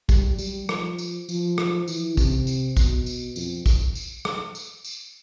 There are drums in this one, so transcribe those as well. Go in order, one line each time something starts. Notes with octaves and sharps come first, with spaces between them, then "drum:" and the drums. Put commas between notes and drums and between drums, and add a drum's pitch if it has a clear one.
G3, drum: kick, tambourine
G3, drum: tambourine
F3, drum: rim click
drum: tambourine
F3, drum: tambourine
drum: rim click
E3, drum: tambourine
C3, drum: kick, tambourine
drum: tambourine
B2, drum: kick, tambourine
drum: tambourine
F2, drum: tambourine
drum: kick, tambourine
drum: tambourine
drum: rim click
drum: tambourine
drum: tambourine